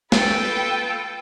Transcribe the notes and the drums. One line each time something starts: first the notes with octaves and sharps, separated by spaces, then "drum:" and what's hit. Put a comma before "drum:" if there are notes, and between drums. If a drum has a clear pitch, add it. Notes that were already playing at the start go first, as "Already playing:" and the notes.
F4 A4 B4 G5, drum: snare